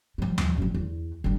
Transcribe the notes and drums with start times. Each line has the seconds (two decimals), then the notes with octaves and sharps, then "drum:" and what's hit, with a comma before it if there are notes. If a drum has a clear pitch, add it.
0.18 F3 G3
0.38 drum: tom D#2
0.57 F#2 F3
0.74 E2
1.24 D3 G3